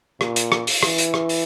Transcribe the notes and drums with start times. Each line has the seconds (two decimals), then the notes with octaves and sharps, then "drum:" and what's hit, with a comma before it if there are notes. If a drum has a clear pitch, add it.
0.21 A#2, drum: rim click
0.36 drum: hi-hat
0.52 drum: rim click
0.67 drum: open hi-hat
0.83 E3, drum: rim click
0.98 drum: hi-hat
1.14 drum: rim click
1.29 drum: open hi-hat